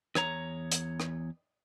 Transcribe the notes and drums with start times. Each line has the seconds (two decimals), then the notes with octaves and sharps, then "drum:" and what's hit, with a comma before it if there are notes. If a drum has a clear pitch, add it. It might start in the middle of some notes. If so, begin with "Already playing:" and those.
0.15 E2 C#5 A#5, drum: rim click
0.72 drum: hi-hat
1.00 drum: rim click